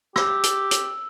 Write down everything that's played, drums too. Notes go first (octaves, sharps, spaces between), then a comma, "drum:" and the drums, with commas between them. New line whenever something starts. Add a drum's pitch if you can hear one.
G4 E6, drum: rim click
drum: hi-hat
drum: hi-hat